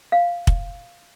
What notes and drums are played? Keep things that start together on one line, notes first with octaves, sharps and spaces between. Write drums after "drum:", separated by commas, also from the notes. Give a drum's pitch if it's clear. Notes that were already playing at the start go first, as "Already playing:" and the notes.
F5
drum: kick